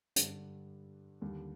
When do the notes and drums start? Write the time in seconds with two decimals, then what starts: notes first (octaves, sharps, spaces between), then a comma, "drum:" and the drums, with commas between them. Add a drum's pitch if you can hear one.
0.16 G2 D3 G3 D4, drum: hi-hat
1.21 D#2 D3 G3